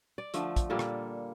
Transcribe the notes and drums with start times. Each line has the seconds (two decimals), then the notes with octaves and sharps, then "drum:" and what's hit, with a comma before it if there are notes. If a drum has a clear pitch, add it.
0.18 D5
0.34 D3 F3 A3, drum: hi-hat
0.56 drum: kick, hi-hat
0.70 A#2 G3 A#3 A4
0.79 drum: rim click